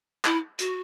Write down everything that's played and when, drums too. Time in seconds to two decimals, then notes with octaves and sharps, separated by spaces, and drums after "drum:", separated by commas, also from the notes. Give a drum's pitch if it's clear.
0.25 E4, drum: clap
0.59 F#4, drum: hi-hat